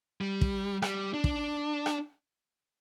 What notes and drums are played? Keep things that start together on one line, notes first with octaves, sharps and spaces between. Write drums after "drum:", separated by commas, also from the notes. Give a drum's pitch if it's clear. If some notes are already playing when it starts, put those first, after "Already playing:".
G3
drum: kick
G3, drum: rim click
D4
drum: kick
drum: rim click